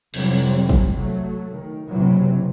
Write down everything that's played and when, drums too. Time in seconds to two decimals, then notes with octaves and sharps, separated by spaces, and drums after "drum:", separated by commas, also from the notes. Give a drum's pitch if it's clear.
0.14 F2 C3 E3 F#3 G3 C4, drum: cymbal
0.69 drum: kick
0.97 F#3 A3
1.49 D#3
1.91 F#1 C3 E3 F#3